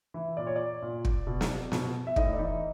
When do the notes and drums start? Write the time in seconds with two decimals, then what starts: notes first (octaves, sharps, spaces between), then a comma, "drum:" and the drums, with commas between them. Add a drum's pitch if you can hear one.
0.14 E3
0.37 A#2 D5
0.47 C#5
0.56 D5
0.82 A#2
1.05 drum: kick
1.27 B2
1.41 drum: snare
1.72 B2, drum: snare
2.07 E5
2.16 A2 D#4 D#5, drum: kick
2.33 D5
2.39 E3 D#4 D#5